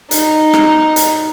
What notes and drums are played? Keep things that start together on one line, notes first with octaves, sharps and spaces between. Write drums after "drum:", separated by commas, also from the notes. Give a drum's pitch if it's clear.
D#4, drum: hi-hat
drum: rim click
drum: hi-hat